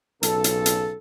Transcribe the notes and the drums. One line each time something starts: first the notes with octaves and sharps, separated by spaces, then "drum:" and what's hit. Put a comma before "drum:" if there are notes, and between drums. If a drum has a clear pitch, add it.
B1 C#3 A4, drum: hi-hat
drum: hi-hat
drum: hi-hat